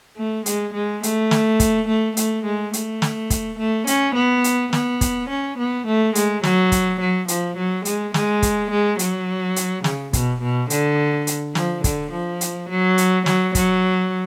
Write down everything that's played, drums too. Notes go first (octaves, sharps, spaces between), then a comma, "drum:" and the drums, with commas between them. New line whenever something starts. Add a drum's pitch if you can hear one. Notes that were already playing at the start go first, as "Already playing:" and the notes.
A3
G#3, drum: hi-hat
G#3
A3, drum: hi-hat
drum: snare
drum: kick, hi-hat
A3
A3, drum: hi-hat
G#3
A3, drum: hi-hat
drum: snare
drum: kick, hi-hat
A3
C#4, drum: hi-hat
B3
drum: hi-hat
B3, drum: snare
drum: kick, hi-hat
C#4
B3
A3
G#3, drum: hi-hat
F#3, drum: snare
drum: kick, hi-hat
F#3
F3, drum: hi-hat
F#3
G#3, drum: hi-hat
G#3, drum: snare
drum: kick, hi-hat
G#3
F#3, drum: hi-hat
drum: hi-hat
C#3, drum: snare
B2, drum: kick, hi-hat
B2
D3, drum: hi-hat
drum: hi-hat
F3, drum: snare
D3, drum: kick, hi-hat
F3
drum: hi-hat
F#3
drum: hi-hat
F#3, drum: snare
F#3, drum: kick, hi-hat